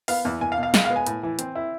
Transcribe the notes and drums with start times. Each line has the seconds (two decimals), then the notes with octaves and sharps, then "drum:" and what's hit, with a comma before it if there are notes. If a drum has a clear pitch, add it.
0.08 B3 F5, drum: open hi-hat
0.25 E2
0.41 E2 G#5
0.52 F5
0.58 B2
0.63 F5
0.74 G#3 F5, drum: snare
0.85 F5
0.90 B3
0.96 G#5
1.06 A2, drum: hi-hat
1.23 E3
1.39 C4, drum: hi-hat
1.55 E4